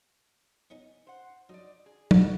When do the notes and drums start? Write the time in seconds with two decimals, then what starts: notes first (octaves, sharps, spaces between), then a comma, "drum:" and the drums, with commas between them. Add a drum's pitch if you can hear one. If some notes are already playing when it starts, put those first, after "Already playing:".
0.70 B3 C#4 D#4
1.07 C5 F#5
1.49 F#3 D#4 D5
1.86 G#4
2.11 B1 C#3 E4 F#4, drum: tom